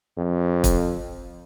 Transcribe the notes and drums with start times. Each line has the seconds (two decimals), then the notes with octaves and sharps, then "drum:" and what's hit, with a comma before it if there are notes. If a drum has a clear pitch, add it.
0.17 F2
0.64 drum: kick, hi-hat